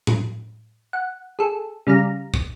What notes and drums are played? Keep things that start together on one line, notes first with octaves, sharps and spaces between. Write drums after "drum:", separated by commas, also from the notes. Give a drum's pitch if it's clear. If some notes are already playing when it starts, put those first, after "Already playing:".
drum: tom A2
F#5
G#4 A4
C#3 G3 F5 A#5
drum: kick